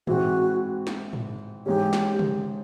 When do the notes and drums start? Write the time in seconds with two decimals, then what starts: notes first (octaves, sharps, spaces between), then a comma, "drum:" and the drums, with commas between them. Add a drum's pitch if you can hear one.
0.07 G#2 E3 G#3 C4 F#4, drum: tom
0.87 drum: snare
1.13 drum: tom
1.66 G#2 E3 G#3 C#4 G4
1.93 drum: snare
2.19 drum: tom